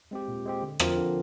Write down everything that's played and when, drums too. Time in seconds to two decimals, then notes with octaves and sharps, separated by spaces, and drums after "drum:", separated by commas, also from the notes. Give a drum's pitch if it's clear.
0.11 G#3 C4 G4
0.28 A#2
0.45 G#3 C4 G4
0.62 D3
0.79 F3 C4 F4 A#4, drum: rim click
0.98 D3